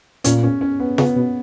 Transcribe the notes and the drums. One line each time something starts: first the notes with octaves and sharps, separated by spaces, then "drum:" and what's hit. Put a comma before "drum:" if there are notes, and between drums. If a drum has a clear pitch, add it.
A#2 C#4, drum: hi-hat
C#4
C#4
B3
C#3 B3, drum: snare F4
B2